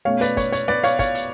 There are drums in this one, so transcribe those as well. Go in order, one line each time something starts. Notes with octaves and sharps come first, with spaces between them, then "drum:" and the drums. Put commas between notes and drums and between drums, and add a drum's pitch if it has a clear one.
B2 A3 C#4 C#5 F5
B4 D5, drum: hi-hat
C#5, drum: kick, hi-hat
C#5, drum: hi-hat
B4 D5, drum: snare
C#5 F5, drum: hi-hat
C#5 F5, drum: kick, hi-hat
drum: hi-hat